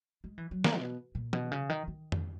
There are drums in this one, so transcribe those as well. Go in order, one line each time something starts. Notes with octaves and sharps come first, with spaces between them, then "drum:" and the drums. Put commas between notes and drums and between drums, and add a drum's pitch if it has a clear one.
G#3
E3
F#3
A#3, drum: snare
B2
A#2
B2, drum: tom
C#3
D#3
D#3
drum: tom F2